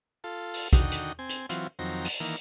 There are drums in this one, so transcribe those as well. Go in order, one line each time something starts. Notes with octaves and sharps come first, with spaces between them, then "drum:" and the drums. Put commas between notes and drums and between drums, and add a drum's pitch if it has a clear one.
F4 A4
drum: open hi-hat
D3 D#3 F#4 G5 D#6, drum: kick, hi-hat
drum: hi-hat
C4 G#5
drum: hi-hat
E3 F#3 C4 F4, drum: hi-hat
F2 D#3 F#3 C4 A#5
drum: open hi-hat
D#3 E3 A#3